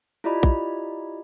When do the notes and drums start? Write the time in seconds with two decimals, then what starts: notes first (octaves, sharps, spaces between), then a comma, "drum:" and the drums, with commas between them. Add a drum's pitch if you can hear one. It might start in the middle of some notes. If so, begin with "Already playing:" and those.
0.24 E4 F4 G4 D5 D#5 B5
0.43 drum: kick A#1